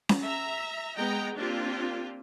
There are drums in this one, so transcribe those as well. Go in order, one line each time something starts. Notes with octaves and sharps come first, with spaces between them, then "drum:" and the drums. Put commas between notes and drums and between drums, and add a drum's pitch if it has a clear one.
drum: snare C#4
E5 A#5
G#3 B3 D#5 G5 A#5
A#3 C4 D4 F4 G4